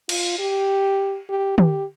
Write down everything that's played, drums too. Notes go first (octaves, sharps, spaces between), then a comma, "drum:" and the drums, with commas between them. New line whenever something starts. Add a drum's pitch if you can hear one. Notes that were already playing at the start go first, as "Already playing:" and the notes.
F4, drum: cymbal
G4
G4
G4, drum: tom